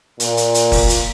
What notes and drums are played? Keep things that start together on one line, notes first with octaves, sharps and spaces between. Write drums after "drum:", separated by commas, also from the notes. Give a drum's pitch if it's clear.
A#2, drum: hi-hat
drum: hi-hat
drum: hi-hat
drum: kick F1, open hi-hat
drum: hi-hat